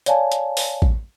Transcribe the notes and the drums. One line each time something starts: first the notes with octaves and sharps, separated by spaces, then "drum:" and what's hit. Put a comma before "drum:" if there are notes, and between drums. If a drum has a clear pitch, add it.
C#5 D5 F5 G#5 A5, drum: hi-hat
drum: hi-hat
drum: open hi-hat
drum: kick A1